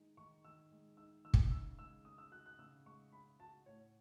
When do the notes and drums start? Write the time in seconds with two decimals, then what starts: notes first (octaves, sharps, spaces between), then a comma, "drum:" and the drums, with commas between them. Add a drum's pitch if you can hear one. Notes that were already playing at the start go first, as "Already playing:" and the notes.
Already playing: D#3 G#3 D#4
0.17 D#3 C#6
0.45 D#3 E6
0.71 G#3
0.97 D#4 E6
1.24 D#3 E6
1.34 drum: kick
1.51 C#3 E6
1.79 G#3 E6
2.05 C#4 D#6
2.18 E6
2.32 F#4 F#6
2.46 F#6
2.59 C#3 E6
2.85 G#3 C#6
3.12 C#4 B5
3.40 F#4 A5
3.66 A2 C#5